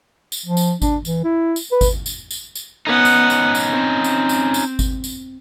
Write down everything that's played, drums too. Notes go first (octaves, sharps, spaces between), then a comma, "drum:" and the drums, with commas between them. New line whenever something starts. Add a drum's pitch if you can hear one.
drum: tambourine
F3
drum: tambourine
D4, drum: kick G#1, tambourine
E3, drum: tambourine
E4
drum: tambourine
B4
drum: kick G#1, tambourine
drum: tambourine
drum: tambourine
drum: tambourine
B3 C#4 D#4 F#5
drum: tambourine
drum: tambourine
drum: tambourine
C4
drum: tambourine
drum: tambourine
drum: tambourine
drum: kick G#1, tambourine
drum: tambourine